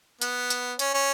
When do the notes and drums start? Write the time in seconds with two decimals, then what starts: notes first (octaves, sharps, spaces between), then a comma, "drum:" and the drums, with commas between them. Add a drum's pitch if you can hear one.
0.21 B3, drum: hi-hat
0.50 drum: hi-hat
0.79 C#4, drum: hi-hat
0.94 C#4